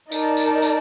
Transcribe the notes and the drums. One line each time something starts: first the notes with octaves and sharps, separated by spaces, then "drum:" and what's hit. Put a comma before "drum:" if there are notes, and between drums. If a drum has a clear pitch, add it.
D#4 A#4 D5 A5, drum: tambourine
drum: tambourine
drum: tambourine